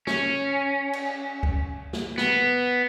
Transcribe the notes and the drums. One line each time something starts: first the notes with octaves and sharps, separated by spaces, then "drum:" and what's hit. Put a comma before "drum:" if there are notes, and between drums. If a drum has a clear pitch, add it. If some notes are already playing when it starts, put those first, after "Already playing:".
C#4, drum: snare
drum: cymbal
drum: kick C#2
drum: snare
B3, drum: snare